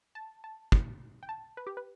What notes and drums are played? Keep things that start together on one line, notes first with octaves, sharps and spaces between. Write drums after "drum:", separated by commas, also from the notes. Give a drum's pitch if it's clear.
A5
A5
drum: kick
G5
A5
B4
G4
B4